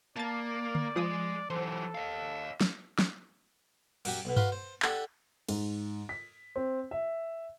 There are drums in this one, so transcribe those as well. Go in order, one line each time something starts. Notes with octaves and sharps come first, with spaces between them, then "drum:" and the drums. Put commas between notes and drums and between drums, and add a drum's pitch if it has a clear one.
A#3 D5 A5 A6
drum: tom D3
F3 G#3 D#6
E3 F#3 A4 C5
D#5 F5
drum: snare
drum: snare
F#2 F#3 F#4 G4 G#5, drum: cymbal
B1 B2
F#4 B4 F5 C6, drum: tom G2
C5
D4 G4 A4 F#5 G#5 A5, drum: clap
G#2, drum: cymbal
B6
C4
E5